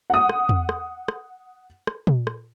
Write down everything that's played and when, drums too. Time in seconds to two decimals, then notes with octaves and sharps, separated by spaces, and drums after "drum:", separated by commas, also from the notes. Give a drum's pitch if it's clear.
0.10 F#5 D#6
0.29 drum: rim click
0.49 drum: tom E2
0.69 drum: rim click
1.08 drum: rim click
1.87 drum: rim click
2.07 drum: tom
2.27 drum: rim click